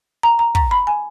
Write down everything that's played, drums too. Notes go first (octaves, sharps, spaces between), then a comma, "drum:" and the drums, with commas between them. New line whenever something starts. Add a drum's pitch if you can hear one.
A#5
A#5
A#5, drum: kick
B5
G#5